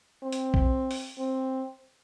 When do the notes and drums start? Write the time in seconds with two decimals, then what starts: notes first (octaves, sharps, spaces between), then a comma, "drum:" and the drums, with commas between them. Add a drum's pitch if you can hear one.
0.23 C4
0.32 drum: hi-hat
0.54 drum: kick A#1
0.91 drum: open hi-hat
1.18 C4